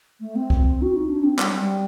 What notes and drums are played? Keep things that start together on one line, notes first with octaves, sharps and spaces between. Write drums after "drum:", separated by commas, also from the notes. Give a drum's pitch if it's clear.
A3
C4
drum: kick C2
F#4
D#4
D4
C4
G3, drum: clap
G3